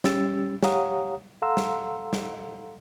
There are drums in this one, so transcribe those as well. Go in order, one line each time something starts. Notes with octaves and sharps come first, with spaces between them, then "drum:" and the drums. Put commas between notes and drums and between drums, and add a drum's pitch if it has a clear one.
G3 C#4 G4 E6 A6, drum: snare
G4 C#5 F5 F#5 A#5 D#6, drum: snare
A4 F5 F#5 A#5 C6 E6
drum: snare
drum: snare